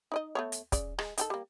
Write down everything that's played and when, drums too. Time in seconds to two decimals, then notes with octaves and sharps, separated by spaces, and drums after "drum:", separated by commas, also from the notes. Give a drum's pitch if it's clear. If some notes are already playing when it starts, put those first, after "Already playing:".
0.12 D#4 D5 D#5
0.35 A3 B3 C#5
0.52 drum: hi-hat
0.72 C#3 D5, drum: kick, hi-hat
0.99 G#3, drum: rim click
1.18 D#3 G4 A4, drum: hi-hat
1.30 G3 A#3